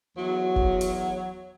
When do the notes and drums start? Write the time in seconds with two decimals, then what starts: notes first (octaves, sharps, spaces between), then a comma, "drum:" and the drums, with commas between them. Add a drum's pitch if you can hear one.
0.18 E2 F#3
0.56 drum: kick F#1
0.81 drum: hi-hat